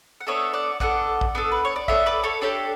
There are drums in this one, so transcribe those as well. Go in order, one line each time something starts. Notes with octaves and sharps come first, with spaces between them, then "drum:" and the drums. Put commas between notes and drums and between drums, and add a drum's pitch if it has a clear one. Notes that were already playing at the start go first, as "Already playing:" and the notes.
F#5
B3 D4 A4 C#5 E5
D5 F#5
B3 D4 A4 D5 F#5, drum: kick A1
drum: kick A1
B3 D4 A4
B4
C#5
D5
B3 D4 A4 C#5 E5, drum: kick A1
B4 D5
A4 C#5
D4 G4 A4 C#5